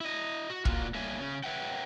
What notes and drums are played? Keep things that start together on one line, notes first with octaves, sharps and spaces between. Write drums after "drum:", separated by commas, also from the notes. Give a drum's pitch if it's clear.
E4 D#5
F#4
A#2 A#3 F4 F#4, drum: kick
D3 G3 A#3 C#5 E5 G#5
C#3 C#4
B4 C#5 E5 F#5 G5